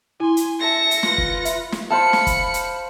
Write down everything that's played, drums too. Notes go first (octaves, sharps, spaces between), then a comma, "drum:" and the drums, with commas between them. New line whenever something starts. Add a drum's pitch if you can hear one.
E4 G#5 C6
drum: hi-hat
E5 A5 A#6 C#7
drum: hi-hat
F4 B4, drum: snare
drum: kick
E5, drum: hi-hat
drum: snare
C5 F5 A5 B5 C#7
drum: snare
drum: kick, hi-hat
drum: hi-hat